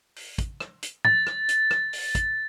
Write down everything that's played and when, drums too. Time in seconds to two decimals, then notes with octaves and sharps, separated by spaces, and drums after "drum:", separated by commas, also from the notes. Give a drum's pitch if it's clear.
0.16 drum: open hi-hat
0.38 drum: kick, hi-hat
0.60 drum: rim click
0.83 drum: hi-hat
1.05 A6, drum: tom
1.27 drum: rim click
1.49 drum: hi-hat
1.71 drum: rim click
1.93 drum: open hi-hat
2.15 drum: kick, hi-hat